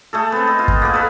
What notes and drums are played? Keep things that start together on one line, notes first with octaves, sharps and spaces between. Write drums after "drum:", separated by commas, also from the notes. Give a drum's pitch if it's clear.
A3 G#4 A4
B3 C4
D#5
F4
drum: kick
A#3 B3 G#4
A4 B4 F5